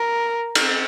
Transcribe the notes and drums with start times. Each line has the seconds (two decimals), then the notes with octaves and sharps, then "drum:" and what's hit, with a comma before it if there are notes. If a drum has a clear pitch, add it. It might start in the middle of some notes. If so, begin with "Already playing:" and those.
Already playing: A#4
0.55 drum: cymbal